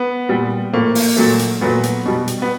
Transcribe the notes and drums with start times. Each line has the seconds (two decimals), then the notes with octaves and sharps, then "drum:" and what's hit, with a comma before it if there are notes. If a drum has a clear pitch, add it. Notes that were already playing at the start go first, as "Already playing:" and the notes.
Already playing: B3
0.29 A#2 G3
0.73 A2 F3 A3 A#3
0.95 drum: open hi-hat
1.17 A#2 F#3 A3
1.39 drum: hi-hat
1.61 A#2 F#3 A3 B3
1.83 drum: hi-hat
2.06 B2 G3
2.28 drum: hi-hat
2.42 B3